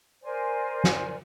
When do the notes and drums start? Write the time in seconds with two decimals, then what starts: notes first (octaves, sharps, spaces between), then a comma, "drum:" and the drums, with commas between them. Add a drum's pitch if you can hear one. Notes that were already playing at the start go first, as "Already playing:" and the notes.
0.23 A#4 C5 D5 G#5
0.84 drum: snare